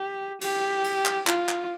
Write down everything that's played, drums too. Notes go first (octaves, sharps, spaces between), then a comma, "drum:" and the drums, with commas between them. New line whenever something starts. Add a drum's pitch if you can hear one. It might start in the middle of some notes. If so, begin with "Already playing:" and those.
Already playing: G4
G4, drum: cymbal
drum: cymbal
drum: clap
F4, drum: clap
drum: clap